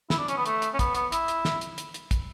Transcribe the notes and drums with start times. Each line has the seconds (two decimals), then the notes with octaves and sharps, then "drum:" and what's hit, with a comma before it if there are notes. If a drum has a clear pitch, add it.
0.10 E4, drum: snare
0.19 D4
0.28 C#4, drum: hi-hat
0.37 B3
0.46 A3, drum: hi-hat
0.62 drum: hi-hat
0.74 C#4
0.79 B3, drum: kick, hi-hat
0.95 B3, drum: hi-hat
1.12 E4, drum: hi-hat
1.28 drum: hi-hat
1.45 drum: snare
1.61 drum: hi-hat
1.78 drum: hi-hat
1.94 drum: hi-hat
2.11 drum: kick, hi-hat